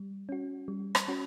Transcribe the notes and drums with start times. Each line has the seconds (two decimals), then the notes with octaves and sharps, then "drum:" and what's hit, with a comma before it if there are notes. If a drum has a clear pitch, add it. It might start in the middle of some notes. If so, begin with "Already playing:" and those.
Already playing: G3
0.29 C#4 F#4
0.68 G3
0.95 drum: rim click
1.08 C#4 F#4